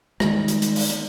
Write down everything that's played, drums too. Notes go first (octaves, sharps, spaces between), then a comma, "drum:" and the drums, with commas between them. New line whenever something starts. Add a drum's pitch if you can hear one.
D#3 G3 G#3, drum: rim click
drum: hi-hat
drum: hi-hat
drum: open hi-hat
drum: hi-hat